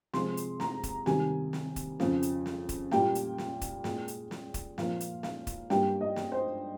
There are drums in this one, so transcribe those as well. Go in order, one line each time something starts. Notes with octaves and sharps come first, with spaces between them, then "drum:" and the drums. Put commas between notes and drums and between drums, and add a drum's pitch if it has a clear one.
C3 F3 G#3 C6, drum: snare
drum: hi-hat
A#5, drum: snare
drum: kick, hi-hat
C3 D#3 G3 G#5, drum: snare
drum: snare
drum: kick, hi-hat
F2 C#3 F3, drum: snare
drum: hi-hat
drum: snare
drum: kick, hi-hat
A#2 G3 A#3 G5, drum: snare
drum: hi-hat
drum: snare
drum: kick, hi-hat
A#2 G#3, drum: snare
drum: hi-hat
drum: snare
drum: kick, hi-hat
A#2 F3 A#3 F5, drum: snare
drum: hi-hat
F5, drum: snare
drum: kick, hi-hat
G2 G3 A#3 G5, drum: snare
D#5
drum: snare
C5